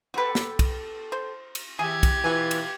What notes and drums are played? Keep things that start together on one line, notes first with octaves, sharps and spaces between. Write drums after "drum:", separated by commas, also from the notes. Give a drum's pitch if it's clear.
B3 F#4 G4 A4 B4
drum: snare
drum: kick, cymbal
C5
drum: cymbal
D#2 G4 G#4 E5 G#6
drum: kick, cymbal
A#2 E3 F4 G#5
drum: cymbal